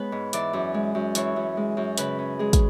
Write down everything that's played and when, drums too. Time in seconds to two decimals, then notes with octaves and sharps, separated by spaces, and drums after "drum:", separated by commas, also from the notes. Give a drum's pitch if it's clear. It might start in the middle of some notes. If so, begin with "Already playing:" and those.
Already playing: G#3 B3 B4 C#5
0.12 G#2
0.33 E3 D5, drum: hi-hat
0.53 F#2
0.74 G#3
0.95 F#2
1.15 E3 C#5, drum: hi-hat
1.36 F#2
1.57 G#3
1.77 F#2
1.98 C#3 B4, drum: hi-hat
2.19 C#4
2.39 G#3 G#4
2.53 drum: kick, hi-hat